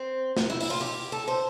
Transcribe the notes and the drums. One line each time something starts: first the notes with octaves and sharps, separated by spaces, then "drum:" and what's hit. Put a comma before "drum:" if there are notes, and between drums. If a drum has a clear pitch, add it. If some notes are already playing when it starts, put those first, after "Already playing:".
Already playing: C4
drum: snare
E4
E4, drum: open hi-hat
F4
G4
A4
C5